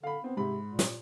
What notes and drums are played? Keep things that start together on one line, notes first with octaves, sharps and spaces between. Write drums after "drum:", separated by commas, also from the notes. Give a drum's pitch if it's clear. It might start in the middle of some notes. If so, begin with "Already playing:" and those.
D3 F5 B5
B3 C4
G#2 C3 B5
A#2
drum: snare